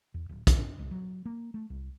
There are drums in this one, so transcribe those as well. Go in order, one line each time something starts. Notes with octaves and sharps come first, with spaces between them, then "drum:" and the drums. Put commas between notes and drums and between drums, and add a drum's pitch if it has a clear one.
E2
D1
D#2, drum: kick, hi-hat
D4
C2
F#3
A#3
A3
C2